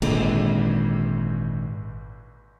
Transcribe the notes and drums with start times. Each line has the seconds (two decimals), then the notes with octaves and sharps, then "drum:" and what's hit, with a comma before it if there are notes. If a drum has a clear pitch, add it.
0.02 G#1 A#2 D3 G#3, drum: cymbal